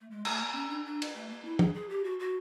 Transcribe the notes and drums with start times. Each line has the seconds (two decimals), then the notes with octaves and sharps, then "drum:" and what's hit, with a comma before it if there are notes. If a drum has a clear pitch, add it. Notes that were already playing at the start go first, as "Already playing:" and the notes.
0.01 A3
0.10 G#3
0.25 A3, drum: cymbal
0.40 A#3
0.55 C#4
0.70 D4
0.85 D4
1.02 drum: cymbal
1.15 A3
1.29 A#3
1.45 E4
1.59 G#4, drum: tom
1.74 G#4
1.89 G4
2.04 F#4
2.20 F#4